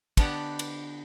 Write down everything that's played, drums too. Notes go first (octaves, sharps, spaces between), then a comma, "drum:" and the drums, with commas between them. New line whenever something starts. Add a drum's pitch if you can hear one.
D3 B3 D4 G4 F#5, drum: kick, cymbal
drum: cymbal